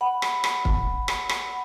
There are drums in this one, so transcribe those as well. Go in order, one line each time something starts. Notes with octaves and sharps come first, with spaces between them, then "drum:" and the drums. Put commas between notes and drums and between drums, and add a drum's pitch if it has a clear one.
F#5 B5
drum: rim click
drum: rim click
drum: kick
drum: rim click
drum: rim click